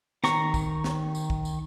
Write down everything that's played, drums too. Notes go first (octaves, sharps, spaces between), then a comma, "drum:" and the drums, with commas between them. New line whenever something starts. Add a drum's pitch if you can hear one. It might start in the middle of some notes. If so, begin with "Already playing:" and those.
D#3 A#5 C#6, drum: snare
drum: kick, tambourine
drum: snare
drum: tambourine
drum: kick
drum: tambourine